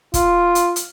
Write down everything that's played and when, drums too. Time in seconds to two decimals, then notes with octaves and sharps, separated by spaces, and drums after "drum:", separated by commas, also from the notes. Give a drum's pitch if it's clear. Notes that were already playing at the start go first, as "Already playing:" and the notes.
0.14 F4, drum: kick, hi-hat
0.55 drum: hi-hat
0.76 drum: hi-hat